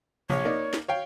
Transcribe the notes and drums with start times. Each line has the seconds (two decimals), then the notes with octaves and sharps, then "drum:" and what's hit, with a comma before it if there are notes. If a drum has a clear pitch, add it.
0.30 A#1 C#5, drum: tom C3
0.45 A#3 D#4 D5
0.73 drum: snare
0.88 C#5 F5 G5